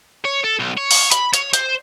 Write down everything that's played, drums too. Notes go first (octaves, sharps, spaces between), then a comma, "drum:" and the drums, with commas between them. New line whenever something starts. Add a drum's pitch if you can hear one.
C#5
A4
B1
C#5
drum: open hi-hat
B5, drum: hi-hat
C#5, drum: hi-hat
C5, drum: hi-hat